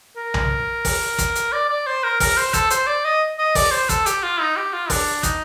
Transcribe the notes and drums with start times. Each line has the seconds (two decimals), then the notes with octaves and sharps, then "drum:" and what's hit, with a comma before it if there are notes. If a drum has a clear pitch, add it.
0.17 A#4
0.34 drum: tom B1
0.85 drum: kick, open hi-hat
1.18 drum: kick, hi-hat
1.35 drum: hi-hat
1.52 D5
1.69 D5
1.86 C5
2.03 A#4
2.20 A#4, drum: kick, open hi-hat
2.37 C5
2.53 A4, drum: kick, hi-hat
2.70 C5, drum: hi-hat
2.87 D5
3.04 D#5
3.38 D#5
3.55 D5, drum: kick, open hi-hat
3.71 C5
3.89 A4, drum: kick, hi-hat
4.06 G4, drum: hi-hat
4.23 F4
4.40 D#4
4.56 G4
4.72 F4
4.90 D4, drum: kick, open hi-hat
5.23 D#4, drum: kick, hi-hat